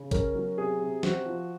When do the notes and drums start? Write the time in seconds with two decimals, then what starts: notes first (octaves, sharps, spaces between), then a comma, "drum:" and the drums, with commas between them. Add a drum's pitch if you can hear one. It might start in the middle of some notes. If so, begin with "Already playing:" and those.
Already playing: C#3
0.11 C#4 A#4, drum: kick A#1, hi-hat
0.35 F#3
0.57 C3 G#4
0.81 C3
1.03 C4 F#4, drum: snare
1.26 F3